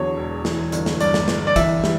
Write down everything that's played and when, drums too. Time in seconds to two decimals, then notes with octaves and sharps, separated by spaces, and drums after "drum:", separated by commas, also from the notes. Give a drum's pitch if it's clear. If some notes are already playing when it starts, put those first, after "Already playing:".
Already playing: E2 D3 F#3 C#5
0.17 E1
0.45 E3, drum: snare
0.72 G1, drum: hi-hat
0.86 drum: snare
1.00 G2 D5, drum: hi-hat
1.14 drum: snare
1.28 G1, drum: snare
1.47 D5
1.56 E3 E5, drum: kick, hi-hat
1.84 G3, drum: snare